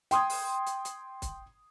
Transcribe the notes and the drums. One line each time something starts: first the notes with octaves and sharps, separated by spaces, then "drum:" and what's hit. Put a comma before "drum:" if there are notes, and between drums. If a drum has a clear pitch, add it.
G5 C6 D#6 G#6, drum: hi-hat
drum: open hi-hat
drum: hi-hat
drum: hi-hat
drum: kick, hi-hat